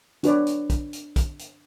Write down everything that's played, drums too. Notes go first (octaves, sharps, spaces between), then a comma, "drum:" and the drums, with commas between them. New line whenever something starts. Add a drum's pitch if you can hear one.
D4 F#4 A4 B4 C#5 D5, drum: hi-hat
drum: hi-hat
drum: kick, hi-hat
drum: hi-hat
drum: kick, hi-hat
drum: hi-hat